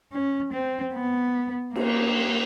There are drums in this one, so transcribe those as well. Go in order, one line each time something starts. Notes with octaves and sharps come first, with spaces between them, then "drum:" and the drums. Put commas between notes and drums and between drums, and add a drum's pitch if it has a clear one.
C#4
C4
B3
A#3, drum: cymbal